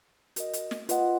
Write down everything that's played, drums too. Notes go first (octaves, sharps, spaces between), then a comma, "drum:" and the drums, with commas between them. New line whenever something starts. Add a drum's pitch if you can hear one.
F#4 A#4 D#5, drum: hi-hat
drum: hi-hat
drum: snare
F4 B4 D#5 F#5, drum: hi-hat